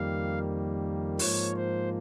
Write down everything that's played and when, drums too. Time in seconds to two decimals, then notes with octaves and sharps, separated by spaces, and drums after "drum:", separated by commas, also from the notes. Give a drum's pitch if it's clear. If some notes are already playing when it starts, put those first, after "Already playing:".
Already playing: F2 D#3 G3 A#3 F5
1.19 G#2 F3 A#3 C#5, drum: open hi-hat
1.57 C5